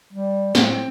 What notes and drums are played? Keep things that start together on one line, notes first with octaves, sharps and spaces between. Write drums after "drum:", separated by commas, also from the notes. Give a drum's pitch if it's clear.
G3
A2 C4, drum: snare